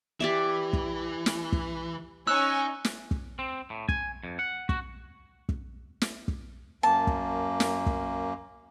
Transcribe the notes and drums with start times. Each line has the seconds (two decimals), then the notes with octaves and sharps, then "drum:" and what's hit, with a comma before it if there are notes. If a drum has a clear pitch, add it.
0.20 E3 G4 D5 E5
0.73 drum: kick
1.26 drum: snare
1.52 drum: kick
2.27 C#4 D#4 G#5 C#6 E6 F#6
2.85 drum: snare
3.11 drum: kick
3.39 C4
3.70 A2
3.89 G#5, drum: kick
4.24 F2
4.39 F#5
4.69 F#4, drum: kick
5.49 drum: kick
6.01 drum: snare
6.28 drum: kick
6.83 F#2 A#3 A5
7.07 drum: kick
7.60 drum: snare
7.86 drum: kick